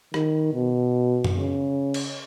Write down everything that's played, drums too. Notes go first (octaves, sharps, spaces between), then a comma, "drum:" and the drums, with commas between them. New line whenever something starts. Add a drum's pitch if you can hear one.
D#3, drum: rim click
B2
drum: tom F#2
C#3
drum: cymbal